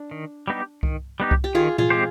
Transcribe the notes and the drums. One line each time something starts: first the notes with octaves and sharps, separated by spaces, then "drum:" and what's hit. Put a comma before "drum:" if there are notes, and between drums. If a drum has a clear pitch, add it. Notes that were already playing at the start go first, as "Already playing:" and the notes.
Already playing: D4
D#3
G3 B3 D#4 G4
D#3, drum: kick C2
G3 B3 D#4 G4
drum: kick C2
G4
D#3 F4 G#4
F4 G#4, drum: tom A#2
G#3 C4 G4 C5